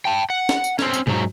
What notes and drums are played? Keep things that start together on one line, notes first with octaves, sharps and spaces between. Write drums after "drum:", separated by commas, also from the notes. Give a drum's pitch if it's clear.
G5 A5
F#5
drum: snare
drum: tambourine
C4 C#4, drum: snare
drum: tambourine
G#2 F#3, drum: tom B2